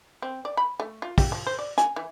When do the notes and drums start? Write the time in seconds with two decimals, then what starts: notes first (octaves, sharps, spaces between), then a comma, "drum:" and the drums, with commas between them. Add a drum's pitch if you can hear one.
0.22 C4
0.45 D5
0.57 B5
0.80 A3
1.02 F4
1.18 G4, drum: kick, open hi-hat
1.32 F3
1.47 C5
1.59 D5
1.78 G#5, drum: hi-hat
1.96 E3